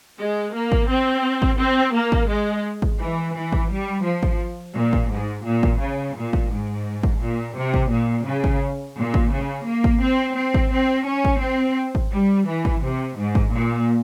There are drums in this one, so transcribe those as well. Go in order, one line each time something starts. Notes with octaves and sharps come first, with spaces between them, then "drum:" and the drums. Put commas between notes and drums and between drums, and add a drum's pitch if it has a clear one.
G#3
A#3
drum: kick G#1
C4
drum: kick G#1
C4
A#3
drum: kick G#1
G#3
drum: kick G#1
E3
E3
drum: kick G#1
G3
F3
drum: kick G#1
A#2
drum: kick G#1
G#2
A#2
drum: kick G#1
C#3
A#2
drum: kick G#1
G#2
drum: kick G#1
A#2
C3
drum: kick G#1
A#2
C#3
drum: kick G#1
A#2
drum: kick G#1
C#3
A#3
drum: kick G#1
C4
C4
drum: kick G#1
C4
C#4
drum: kick G#1
C4
drum: kick G#1
G3
E3
drum: kick G#1
C3
G#2
drum: kick G#1
A#2